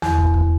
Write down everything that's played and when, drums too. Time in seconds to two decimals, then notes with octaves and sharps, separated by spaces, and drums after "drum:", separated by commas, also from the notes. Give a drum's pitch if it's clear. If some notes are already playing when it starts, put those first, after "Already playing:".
0.02 E2, drum: snare
0.18 drum: kick
0.34 drum: kick